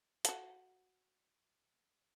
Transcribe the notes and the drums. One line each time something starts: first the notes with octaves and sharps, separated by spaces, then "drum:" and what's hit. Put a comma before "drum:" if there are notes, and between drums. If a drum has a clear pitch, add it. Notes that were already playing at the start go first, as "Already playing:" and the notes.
F#4 A4, drum: hi-hat